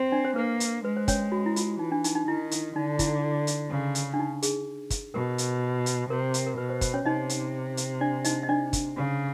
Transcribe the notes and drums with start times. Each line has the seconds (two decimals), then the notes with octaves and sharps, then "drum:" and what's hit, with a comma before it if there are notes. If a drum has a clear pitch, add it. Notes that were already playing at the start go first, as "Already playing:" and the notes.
Already playing: C4
0.12 D4 D5
0.25 C5
0.36 A#3 B4
0.60 drum: hi-hat
0.85 G#3 B4
0.97 C5
1.08 C#4 C#5, drum: kick, hi-hat
1.32 F#4
1.46 E4
1.56 F4, drum: hi-hat
1.79 E3 D#4
1.92 D4
2.04 D#4, drum: hi-hat
2.15 D#4
2.28 D#3 E4
2.51 drum: hi-hat
2.76 D3 D#4
2.99 E4, drum: kick, hi-hat
3.47 drum: hi-hat
3.70 C#3
3.95 drum: hi-hat
4.14 D4
4.19 D#4
4.42 G#4, drum: hi-hat
4.90 drum: kick, hi-hat
5.14 B2 A#4
5.38 drum: hi-hat
5.86 drum: hi-hat
6.10 C3 A#4
6.34 drum: hi-hat
6.46 A#4
6.58 B2 B4
6.69 C5
6.81 C5, drum: kick, hi-hat
6.94 C#4 C#5
7.05 C3 D#4 D#5
7.29 drum: hi-hat
7.77 drum: hi-hat
8.01 D4 D5
8.24 D#4 D#5, drum: hi-hat
8.43 D#5
8.49 D4 D5
8.73 drum: kick, hi-hat
8.97 C#3